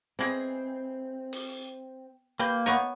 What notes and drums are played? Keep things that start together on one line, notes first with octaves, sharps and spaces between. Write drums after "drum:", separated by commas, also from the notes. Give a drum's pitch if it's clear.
E3 G#3 C4 G#4
drum: open hi-hat
A#3 G4 B4 G5
B3 D#4 C#5 G#5, drum: hi-hat